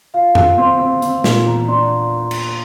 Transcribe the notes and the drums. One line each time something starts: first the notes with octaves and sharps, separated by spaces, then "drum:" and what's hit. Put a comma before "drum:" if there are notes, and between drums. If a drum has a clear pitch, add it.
F4 F5
F4, drum: tom F2
C4 C6
C4
C4, drum: hi-hat
A#2, drum: snare
E2 A#5
D4 C6
A#5
drum: cymbal